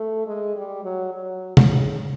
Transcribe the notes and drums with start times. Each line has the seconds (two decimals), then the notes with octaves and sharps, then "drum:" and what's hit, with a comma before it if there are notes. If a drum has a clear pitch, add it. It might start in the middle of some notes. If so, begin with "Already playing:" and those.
Already playing: A3
0.27 G#3
0.56 G3
0.84 F#3
1.13 F#3
1.57 C#3, drum: tom